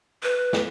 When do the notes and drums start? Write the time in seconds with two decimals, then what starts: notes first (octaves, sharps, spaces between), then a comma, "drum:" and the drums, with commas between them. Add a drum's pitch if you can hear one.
0.23 B4
0.53 drum: snare